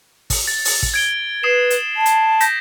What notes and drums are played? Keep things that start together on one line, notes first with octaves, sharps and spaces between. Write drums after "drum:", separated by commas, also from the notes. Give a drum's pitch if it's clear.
drum: kick, open hi-hat
A6
drum: open hi-hat
drum: kick
G#6 D7 G7
B4 D#6 C7 E7
drum: hi-hat
A5
drum: hi-hat
G6 A#6 B6, drum: hi-hat